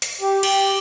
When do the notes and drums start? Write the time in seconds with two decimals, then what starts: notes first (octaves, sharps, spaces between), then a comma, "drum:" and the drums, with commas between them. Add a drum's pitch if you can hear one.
0.02 drum: hi-hat
0.21 G4
0.43 drum: cymbal